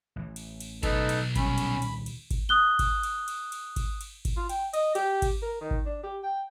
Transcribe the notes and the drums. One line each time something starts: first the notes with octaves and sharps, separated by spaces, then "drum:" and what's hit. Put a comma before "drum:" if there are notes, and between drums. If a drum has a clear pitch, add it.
A1 E3
drum: cymbal
drum: cymbal
B1 D#4 A4 B4, drum: kick G#1, cymbal
drum: cymbal
D#1 C2 D#3 C#4 B5, drum: kick G#1, cymbal
drum: cymbal
drum: cymbal
drum: cymbal
drum: kick G#1, cymbal
D#6 F#6 G7
drum: kick G#1, cymbal
drum: cymbal
drum: cymbal
drum: cymbal
drum: kick G#1, cymbal
drum: cymbal
drum: kick G#1, cymbal
F4
G5, drum: cymbal
D#5, drum: cymbal
G4, drum: cymbal
drum: kick G#1, cymbal
A#4
D#3
drum: kick G#1
D4
G4
G5